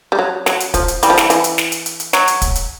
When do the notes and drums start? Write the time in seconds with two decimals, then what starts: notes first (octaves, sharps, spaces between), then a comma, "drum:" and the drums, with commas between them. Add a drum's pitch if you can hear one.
0.12 G3
0.19 F#3
0.46 F#3, drum: snare
0.60 drum: hi-hat
0.74 F3, drum: kick, hi-hat
0.88 drum: hi-hat
1.03 E3 G3, drum: hi-hat
1.10 F3
1.18 E3, drum: snare
1.30 E3, drum: hi-hat
1.44 drum: hi-hat
1.58 drum: snare
1.72 drum: hi-hat
1.86 drum: hi-hat
2.00 drum: hi-hat
2.13 F#3, drum: snare
2.28 drum: hi-hat
2.42 drum: kick, hi-hat
2.55 drum: hi-hat